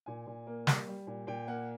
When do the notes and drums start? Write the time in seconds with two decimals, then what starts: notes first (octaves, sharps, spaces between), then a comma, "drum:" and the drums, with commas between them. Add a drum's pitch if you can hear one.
0.06 A#2 G#5
0.26 A#2
0.47 A#3
0.67 G3, drum: snare
0.87 G3
1.07 A#2
1.27 A#2 G5
1.47 A#3 F#5